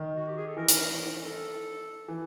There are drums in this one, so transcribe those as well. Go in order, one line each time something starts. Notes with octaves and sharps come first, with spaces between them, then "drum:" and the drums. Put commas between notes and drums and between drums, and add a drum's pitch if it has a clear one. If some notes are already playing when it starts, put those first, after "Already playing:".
Already playing: D#3
F#4
G4
G#4
A4
E3 A#4
drum: hi-hat
A4
E3